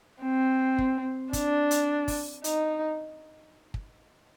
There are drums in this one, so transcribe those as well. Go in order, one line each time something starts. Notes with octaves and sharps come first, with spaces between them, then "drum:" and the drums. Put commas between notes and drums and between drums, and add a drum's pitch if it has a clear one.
C4
drum: kick
D4, drum: kick, hi-hat
drum: hi-hat
drum: kick, open hi-hat
D#4, drum: hi-hat
drum: kick